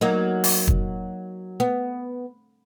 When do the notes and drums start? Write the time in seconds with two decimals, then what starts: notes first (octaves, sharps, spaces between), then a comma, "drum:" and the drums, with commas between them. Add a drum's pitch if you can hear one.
0.01 F#3 A#3 D#4
0.44 drum: open hi-hat
0.68 drum: kick
1.60 B3